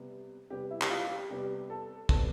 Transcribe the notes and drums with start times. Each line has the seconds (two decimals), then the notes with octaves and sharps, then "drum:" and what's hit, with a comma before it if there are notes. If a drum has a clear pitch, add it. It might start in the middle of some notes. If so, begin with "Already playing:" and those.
Already playing: C3 G3 B3
0.50 C3 G3 B3 G4
0.71 E4
0.82 G4, drum: clap
0.90 F4
1.10 G4
1.30 C3 G3 B3 G4
1.70 A4
2.09 C3 G3 B3 A4, drum: kick